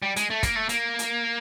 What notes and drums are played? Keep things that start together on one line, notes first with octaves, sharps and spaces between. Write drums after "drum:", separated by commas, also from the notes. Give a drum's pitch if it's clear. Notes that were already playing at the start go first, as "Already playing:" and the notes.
G3
G#3, drum: hi-hat
A3
A#3, drum: kick, hi-hat
A3
A#3, drum: hi-hat
drum: hi-hat